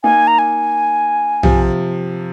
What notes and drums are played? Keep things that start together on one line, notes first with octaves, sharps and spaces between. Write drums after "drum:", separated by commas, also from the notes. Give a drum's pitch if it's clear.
A#3 D#4 G#5
A#5
G#5
C3 F3, drum: tom